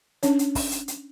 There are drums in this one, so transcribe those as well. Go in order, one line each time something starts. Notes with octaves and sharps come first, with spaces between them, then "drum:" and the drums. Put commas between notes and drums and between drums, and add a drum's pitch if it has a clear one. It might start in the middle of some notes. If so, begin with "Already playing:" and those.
C#4 D4 C#5, drum: hi-hat
drum: hi-hat
drum: kick, open hi-hat
drum: hi-hat
drum: hi-hat